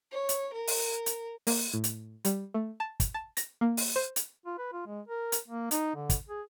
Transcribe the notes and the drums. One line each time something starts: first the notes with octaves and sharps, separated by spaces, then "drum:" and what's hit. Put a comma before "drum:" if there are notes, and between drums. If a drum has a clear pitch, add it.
C#5
drum: hi-hat
A#4
drum: open hi-hat
drum: hi-hat
A#3, drum: open hi-hat
A2
drum: hi-hat
G3, drum: hi-hat
A3
A5
drum: kick, hi-hat
A5
A#6, drum: hi-hat
A#3
drum: open hi-hat
C5
drum: hi-hat
F4
B4
F4
G#3
A#4
drum: hi-hat
A#3
D#4, drum: hi-hat
D3
drum: kick, hi-hat
G#4